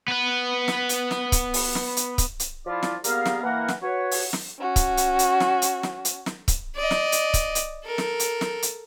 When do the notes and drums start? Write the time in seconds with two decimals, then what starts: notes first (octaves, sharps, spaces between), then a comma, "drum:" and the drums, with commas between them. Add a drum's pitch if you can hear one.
0.08 B3 B4
0.68 drum: snare
0.89 drum: hi-hat
1.11 drum: snare
1.32 drum: kick C#1, hi-hat
1.54 drum: open hi-hat
1.75 drum: snare
1.97 drum: hi-hat
2.18 drum: kick C#1, hi-hat
2.40 drum: hi-hat
2.65 F3 E4 F4 D5
2.83 drum: snare
3.04 G3 A#3 B3 G#4 A#4 F5, drum: hi-hat
3.25 drum: snare
3.43 E3 A#3 A#4 F#5
3.68 drum: snare
3.82 F#4 B4 C#5
4.11 drum: open hi-hat
4.33 drum: snare
4.60 C#4 F#4
4.76 drum: kick C#1, hi-hat
4.97 drum: hi-hat
5.19 drum: hi-hat
5.40 drum: snare
5.62 drum: hi-hat
5.83 drum: snare
6.05 drum: hi-hat
6.26 drum: snare
6.48 drum: kick C#1, hi-hat
6.76 D5 D#5
6.91 drum: snare
7.12 drum: hi-hat
7.34 drum: kick C#1, hi-hat
7.55 drum: hi-hat
7.85 A4 A#4
7.98 drum: snare
8.20 drum: hi-hat
8.41 drum: snare
8.62 drum: hi-hat